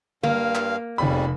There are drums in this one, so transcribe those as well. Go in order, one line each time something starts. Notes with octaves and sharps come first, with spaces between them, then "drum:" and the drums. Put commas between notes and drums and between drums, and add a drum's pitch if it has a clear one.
G2 A#3 F5, drum: tom D3
drum: clap
F1 F2 C#3 G3 B5